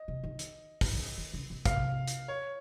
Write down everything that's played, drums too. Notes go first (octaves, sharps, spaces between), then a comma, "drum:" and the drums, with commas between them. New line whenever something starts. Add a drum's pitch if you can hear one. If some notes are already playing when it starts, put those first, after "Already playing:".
Already playing: D#5
C3
D#3
drum: hi-hat
drum: kick, open hi-hat
D#3
C#3
D#3
C#3
C3
C3 F5, drum: kick, hi-hat
drum: hi-hat
C#5